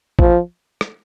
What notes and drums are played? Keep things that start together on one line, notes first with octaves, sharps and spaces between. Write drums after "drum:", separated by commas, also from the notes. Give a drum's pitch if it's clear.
F3, drum: kick A1
drum: rim click